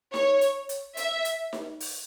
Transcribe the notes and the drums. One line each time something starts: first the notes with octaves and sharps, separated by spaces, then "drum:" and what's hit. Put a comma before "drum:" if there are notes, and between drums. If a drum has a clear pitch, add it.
C#5, drum: snare D#4
drum: hi-hat
drum: hi-hat
E5, drum: hi-hat
drum: hi-hat
drum: snare D#4
drum: open hi-hat